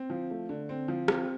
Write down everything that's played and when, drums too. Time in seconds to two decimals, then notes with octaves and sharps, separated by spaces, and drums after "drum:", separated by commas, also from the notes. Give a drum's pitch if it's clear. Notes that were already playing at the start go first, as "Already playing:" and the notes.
Already playing: C4
0.10 F3
0.30 A3
0.49 D3
0.69 C4
0.88 F3
1.08 C4, drum: rim click